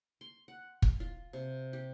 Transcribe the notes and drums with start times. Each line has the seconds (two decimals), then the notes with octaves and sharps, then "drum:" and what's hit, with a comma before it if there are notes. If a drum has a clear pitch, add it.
0.21 C6
0.48 F#5
0.82 drum: kick
1.00 F4
1.33 C3
1.73 G4